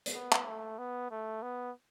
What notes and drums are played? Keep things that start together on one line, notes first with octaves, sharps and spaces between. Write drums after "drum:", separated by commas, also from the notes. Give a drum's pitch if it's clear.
drum: hi-hat
B3
drum: clap
A3
B3
A3
B3